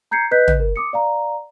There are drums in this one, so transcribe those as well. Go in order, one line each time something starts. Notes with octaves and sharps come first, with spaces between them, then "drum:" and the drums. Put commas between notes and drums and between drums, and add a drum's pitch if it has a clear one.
A#5 G6 G#6 C7 C#7
B4 D#5 F#6 G6 B6
drum: tom
A#4
D6 D#6 C#7
D5 F5 A#5